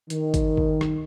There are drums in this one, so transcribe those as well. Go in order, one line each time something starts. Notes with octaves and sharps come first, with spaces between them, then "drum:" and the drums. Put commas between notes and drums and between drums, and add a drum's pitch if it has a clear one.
D#3, drum: hi-hat
drum: kick, hi-hat
drum: kick
drum: rim click